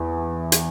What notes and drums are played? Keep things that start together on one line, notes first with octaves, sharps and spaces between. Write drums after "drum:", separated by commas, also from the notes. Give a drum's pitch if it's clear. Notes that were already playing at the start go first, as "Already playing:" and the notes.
Already playing: E2 E3
drum: hi-hat